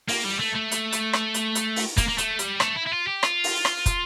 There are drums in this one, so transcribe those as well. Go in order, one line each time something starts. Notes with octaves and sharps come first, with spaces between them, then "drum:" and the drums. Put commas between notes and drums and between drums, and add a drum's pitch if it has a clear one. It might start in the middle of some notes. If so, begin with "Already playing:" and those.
A#3, drum: open hi-hat
G3
A3
A3
drum: hi-hat
drum: hi-hat
drum: rim click
drum: hi-hat
drum: hi-hat
drum: open hi-hat
A#3, drum: kick, hi-hat
A#3
A3, drum: hi-hat
G3, drum: hi-hat
A3, drum: rim click
E4
E4
F4
G4
F4, drum: rim click
drum: open hi-hat
drum: rim click
drum: kick, hi-hat